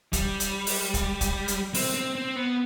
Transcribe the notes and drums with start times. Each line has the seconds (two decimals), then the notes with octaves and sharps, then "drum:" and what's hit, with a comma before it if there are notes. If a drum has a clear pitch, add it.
0.13 G3, drum: kick, hi-hat
0.40 drum: hi-hat
0.67 drum: open hi-hat
0.94 drum: kick, hi-hat
1.21 drum: kick, hi-hat
1.48 drum: hi-hat
1.75 C4, drum: open hi-hat
1.95 C4
2.15 C4
2.36 B3